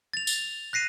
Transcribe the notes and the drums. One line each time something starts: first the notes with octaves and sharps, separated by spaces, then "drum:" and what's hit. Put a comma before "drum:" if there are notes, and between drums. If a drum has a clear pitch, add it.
A6 F7
drum: tambourine
F#6 A#6 C7 D#7